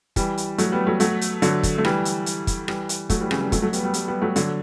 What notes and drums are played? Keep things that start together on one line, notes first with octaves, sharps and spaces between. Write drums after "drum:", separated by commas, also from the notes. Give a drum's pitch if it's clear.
E3 G3, drum: kick, hi-hat
drum: hi-hat
F#3 A3, drum: hi-hat
G3 B3
F#3 A3
F#3 A3, drum: hi-hat
drum: hi-hat
D3 F#3, drum: hi-hat
drum: kick, hi-hat
A3
E3 G3, drum: rim click
drum: hi-hat
drum: hi-hat
drum: kick, hi-hat
E3 G3, drum: rim click
drum: hi-hat
F#3 A3, drum: kick, hi-hat
E3 G3
C#3 E3, drum: rim click
E3 G3
F#3 A3, drum: kick, hi-hat
F#3 A3
G3 B3, drum: hi-hat
G3 B3
G3 B3, drum: hi-hat
G3 B3
F#3 A3
D3 F#3, drum: hi-hat